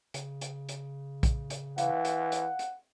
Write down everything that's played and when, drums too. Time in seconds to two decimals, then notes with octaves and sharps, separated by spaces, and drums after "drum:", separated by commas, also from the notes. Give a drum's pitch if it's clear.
0.14 C#3, drum: hi-hat
0.41 drum: hi-hat
0.69 drum: hi-hat
1.23 drum: kick A#1, hi-hat
1.50 drum: hi-hat
1.78 E3 F5 F#5, drum: hi-hat
2.05 drum: hi-hat
2.32 drum: hi-hat
2.59 drum: hi-hat